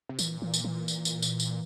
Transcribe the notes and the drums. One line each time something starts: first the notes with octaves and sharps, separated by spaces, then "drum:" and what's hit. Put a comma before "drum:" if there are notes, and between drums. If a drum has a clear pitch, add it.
C3
A#2 E3, drum: tambourine
E3
drum: tambourine
E3
drum: tambourine
drum: tambourine
drum: tambourine
drum: tambourine